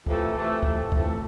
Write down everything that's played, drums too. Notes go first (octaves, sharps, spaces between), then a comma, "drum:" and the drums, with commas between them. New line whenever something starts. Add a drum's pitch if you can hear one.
F2 C3 E3 A3, drum: kick
F2 C3 E3 A3
F2 C3 E3 A3, drum: kick
F2 C3 E3 A3, drum: kick